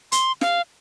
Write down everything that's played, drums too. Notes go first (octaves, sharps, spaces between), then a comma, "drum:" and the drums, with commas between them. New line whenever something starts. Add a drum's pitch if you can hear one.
C6, drum: hi-hat
F5, drum: snare